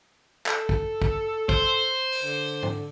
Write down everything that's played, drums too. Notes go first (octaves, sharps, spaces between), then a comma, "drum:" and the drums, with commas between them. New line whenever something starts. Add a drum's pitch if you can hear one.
A4, drum: clap
drum: kick
drum: kick
C5, drum: kick
drum: open hi-hat
D3
drum: tom G#2